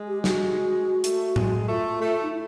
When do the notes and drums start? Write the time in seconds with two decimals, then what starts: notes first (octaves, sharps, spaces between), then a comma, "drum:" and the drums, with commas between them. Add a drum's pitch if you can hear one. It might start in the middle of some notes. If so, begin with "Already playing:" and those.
Already playing: G#3
0.08 G4
0.24 F#4, drum: snare
1.04 A3, drum: hi-hat
1.36 G#3, drum: tom A2
1.68 A3 F4
2.00 A3
2.23 D#4
2.32 E4